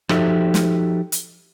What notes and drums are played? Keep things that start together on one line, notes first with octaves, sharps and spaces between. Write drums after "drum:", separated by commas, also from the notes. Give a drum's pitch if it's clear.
F3 D#4 F#4 G4 A4 E5, drum: rim click
drum: snare
drum: hi-hat